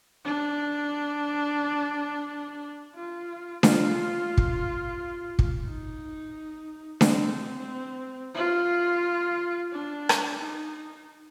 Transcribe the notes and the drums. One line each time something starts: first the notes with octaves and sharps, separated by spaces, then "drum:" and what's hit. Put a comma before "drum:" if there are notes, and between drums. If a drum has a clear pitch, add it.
D4
F4
F4, drum: snare D4
drum: kick
drum: kick
D#4
C4, drum: snare D4
F4
D4
drum: rim click
D#4